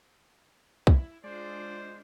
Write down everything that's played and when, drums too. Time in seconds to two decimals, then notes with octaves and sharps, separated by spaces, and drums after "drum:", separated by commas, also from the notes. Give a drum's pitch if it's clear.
0.87 E4, drum: kick
1.24 G#3 D4 F4 C5 D5